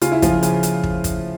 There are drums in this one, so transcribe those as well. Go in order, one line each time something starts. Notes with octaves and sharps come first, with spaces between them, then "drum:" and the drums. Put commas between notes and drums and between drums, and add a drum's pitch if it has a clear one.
C#3 F4, drum: hi-hat
E4
C#3 F3 F4, drum: kick, hi-hat
C#3, drum: hi-hat
drum: hi-hat
drum: kick
drum: kick, hi-hat